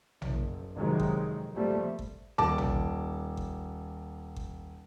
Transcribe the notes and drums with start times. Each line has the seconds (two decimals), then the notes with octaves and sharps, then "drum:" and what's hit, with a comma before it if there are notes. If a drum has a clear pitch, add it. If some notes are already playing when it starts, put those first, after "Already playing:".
0.22 F#1, drum: tom A#1
0.74 F2 C3 D#3 F#3 G#3
1.00 drum: kick G1
1.53 A#2 F3 G3 A3 C4
1.99 drum: kick G1
2.38 D#1 A5 D6
2.58 drum: tom A#1
3.37 drum: kick G1
4.36 drum: kick G1